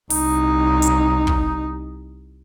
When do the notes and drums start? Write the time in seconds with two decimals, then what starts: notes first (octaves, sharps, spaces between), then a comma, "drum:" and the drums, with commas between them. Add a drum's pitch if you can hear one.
0.10 C2 D#4, drum: open hi-hat
0.82 drum: hi-hat
1.27 drum: kick